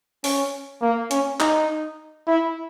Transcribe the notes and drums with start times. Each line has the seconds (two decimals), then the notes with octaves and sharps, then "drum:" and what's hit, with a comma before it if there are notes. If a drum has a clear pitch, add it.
0.24 C#4, drum: open hi-hat
0.82 A#3
1.11 C#4, drum: hi-hat
1.40 D#4, drum: clap
2.27 E4